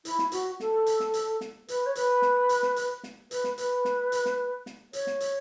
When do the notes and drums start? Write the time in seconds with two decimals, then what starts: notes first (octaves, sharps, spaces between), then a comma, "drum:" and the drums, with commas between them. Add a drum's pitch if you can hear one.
0.05 E4, drum: hi-hat
0.19 drum: snare
0.32 F#4, drum: hi-hat
0.60 A4, drum: snare
0.86 drum: hi-hat
1.00 drum: snare
1.14 drum: hi-hat
1.41 drum: snare
1.68 B4, drum: hi-hat
1.86 C#5
1.95 B4, drum: hi-hat
2.22 drum: snare
2.49 drum: hi-hat
2.63 drum: snare
2.76 drum: hi-hat
3.03 drum: snare
3.31 B4, drum: hi-hat
3.44 drum: snare
3.58 B4, drum: hi-hat
3.85 drum: snare
4.12 drum: hi-hat
4.26 drum: snare
4.66 drum: snare
4.93 C#5, drum: hi-hat
5.07 drum: snare
5.20 drum: hi-hat